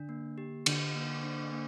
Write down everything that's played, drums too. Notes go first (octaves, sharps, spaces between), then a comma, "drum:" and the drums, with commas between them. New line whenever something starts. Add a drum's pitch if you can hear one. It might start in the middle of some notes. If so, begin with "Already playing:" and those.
Already playing: D3 D4
A#3
G4
D3 D4, drum: cymbal
A#3
D4
A#3